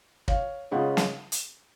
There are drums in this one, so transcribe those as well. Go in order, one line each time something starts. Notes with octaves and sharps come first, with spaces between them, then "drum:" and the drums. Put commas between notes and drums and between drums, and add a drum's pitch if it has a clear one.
C#5 F5, drum: kick
C#2 C#3 G#3 C#4 F4 D#5 F#5
drum: snare
drum: hi-hat